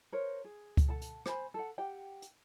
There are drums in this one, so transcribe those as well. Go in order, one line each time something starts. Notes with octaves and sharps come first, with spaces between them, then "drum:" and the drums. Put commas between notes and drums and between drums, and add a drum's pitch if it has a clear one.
A#4 C5 C#5
G#4
drum: kick C#2, hi-hat
A4 F#5 A5
drum: hi-hat
C5 G#5 B5, drum: rim click
A4 F#5
G4 F#5 G5
drum: hi-hat